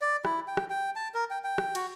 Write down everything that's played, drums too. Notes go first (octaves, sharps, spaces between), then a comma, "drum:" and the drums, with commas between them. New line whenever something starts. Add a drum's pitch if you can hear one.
D5
E4, drum: rim click
G5
drum: rim click
G5
A5
A#4
G5
G5
drum: rim click
F#4, drum: cymbal